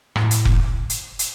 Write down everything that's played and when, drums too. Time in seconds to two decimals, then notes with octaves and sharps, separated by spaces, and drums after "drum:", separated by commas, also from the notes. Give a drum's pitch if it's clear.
0.16 A2, drum: rim click
0.31 drum: hi-hat
0.45 drum: kick F1
0.90 drum: hi-hat
1.19 drum: hi-hat